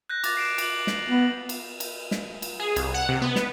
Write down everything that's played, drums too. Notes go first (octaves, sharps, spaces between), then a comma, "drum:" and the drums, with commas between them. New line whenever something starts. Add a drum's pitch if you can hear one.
F#6 G6 A#6
D6 A6, drum: cymbal
C7 D7 E7
D6 F#7, drum: cymbal
drum: snare
B3 F#7
drum: cymbal
drum: cymbal
drum: snare
drum: cymbal
G#4
C2, drum: cymbal
F#5
C3
B3
drum: snare